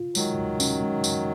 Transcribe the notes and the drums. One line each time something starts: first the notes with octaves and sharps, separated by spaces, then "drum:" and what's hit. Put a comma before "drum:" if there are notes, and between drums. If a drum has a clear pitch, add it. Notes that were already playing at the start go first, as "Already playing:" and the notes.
Already playing: F4
D#3 F#3 G#3, drum: tambourine
D#2
C#4, drum: tambourine
G#3
F2, drum: tambourine